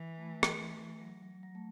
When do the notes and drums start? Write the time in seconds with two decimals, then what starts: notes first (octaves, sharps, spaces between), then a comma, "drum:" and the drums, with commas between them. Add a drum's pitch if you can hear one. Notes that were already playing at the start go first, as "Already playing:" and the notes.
Already playing: E3
0.18 A3
0.43 drum: rim click
1.01 F#3
1.22 F#3
1.43 F#3
1.55 A3